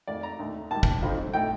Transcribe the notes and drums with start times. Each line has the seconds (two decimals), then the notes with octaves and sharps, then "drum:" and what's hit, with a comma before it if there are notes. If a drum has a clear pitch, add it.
0.07 F2 D#3 A3 D5
0.23 A#5
0.39 D#2 D3 A3
0.71 D#2 D#3 G3 A5
0.83 drum: kick
1.02 F2 D3 F3 C4 D#4
1.34 A2 A3 D#4 G5